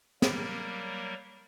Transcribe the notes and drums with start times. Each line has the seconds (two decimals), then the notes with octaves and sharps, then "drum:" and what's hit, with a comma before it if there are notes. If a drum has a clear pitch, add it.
0.22 F#3 G3 A#3 A#4, drum: snare